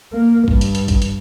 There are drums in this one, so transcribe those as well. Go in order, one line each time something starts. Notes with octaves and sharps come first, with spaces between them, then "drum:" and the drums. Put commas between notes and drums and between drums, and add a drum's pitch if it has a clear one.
A#3
G2, drum: kick
drum: hi-hat
drum: hi-hat
drum: kick, hi-hat
drum: hi-hat